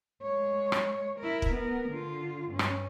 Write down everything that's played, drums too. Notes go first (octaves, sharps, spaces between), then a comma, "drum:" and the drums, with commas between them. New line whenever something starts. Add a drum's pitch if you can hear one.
G#3 C#5
drum: rim click
E4 A#4
drum: kick
B3 A#4
D3 F4
G2 C#4
drum: rim click